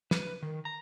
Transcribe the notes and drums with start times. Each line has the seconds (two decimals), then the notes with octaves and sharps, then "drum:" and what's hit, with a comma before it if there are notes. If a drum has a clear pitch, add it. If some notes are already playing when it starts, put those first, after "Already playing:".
0.11 B4, drum: snare
0.43 D#3
0.65 A#5